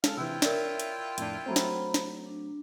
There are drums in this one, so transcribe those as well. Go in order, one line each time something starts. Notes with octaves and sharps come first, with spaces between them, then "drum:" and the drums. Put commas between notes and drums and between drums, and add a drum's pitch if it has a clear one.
G#3 C#4 A4 F5, drum: snare
C3 E3 E4 F4 G5 E6
A#4 C#5 D5 E5, drum: snare
drum: hi-hat
F2 A2 D4, drum: hi-hat
F#3 A3 C4 C5 A#5 B5
drum: snare
drum: snare
D4